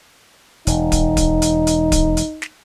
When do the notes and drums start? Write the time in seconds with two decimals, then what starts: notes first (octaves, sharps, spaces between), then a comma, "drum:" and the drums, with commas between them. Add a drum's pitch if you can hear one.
0.67 E1 D#4, drum: hi-hat
0.92 drum: kick D1, hi-hat
1.17 drum: kick D1, hi-hat
1.42 drum: hi-hat
1.67 drum: hi-hat
1.92 drum: kick D1, hi-hat
2.17 drum: hi-hat
2.42 drum: snare